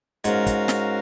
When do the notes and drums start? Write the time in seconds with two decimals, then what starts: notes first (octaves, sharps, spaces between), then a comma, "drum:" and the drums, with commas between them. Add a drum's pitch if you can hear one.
0.24 G#2 C#4 F#4 A#4 F5, drum: hi-hat
0.47 drum: kick, hi-hat
0.68 drum: snare